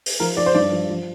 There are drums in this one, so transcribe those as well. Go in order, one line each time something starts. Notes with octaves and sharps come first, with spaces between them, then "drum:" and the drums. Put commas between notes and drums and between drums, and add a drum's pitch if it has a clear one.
drum: open hi-hat
F3 A#4
F3 D5
C5
G2 D5
F3
F3